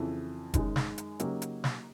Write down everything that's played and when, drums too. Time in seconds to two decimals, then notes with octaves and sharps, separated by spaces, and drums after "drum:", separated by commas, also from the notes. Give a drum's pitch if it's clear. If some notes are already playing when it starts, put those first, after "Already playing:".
Already playing: F2 C#3 E3
0.54 F#2 D#3 G#3, drum: kick F1, hi-hat
0.76 drum: snare
0.98 drum: hi-hat
1.20 C#3 F#3 A#3 D#4 G4, drum: hi-hat
1.42 drum: hi-hat
1.64 drum: snare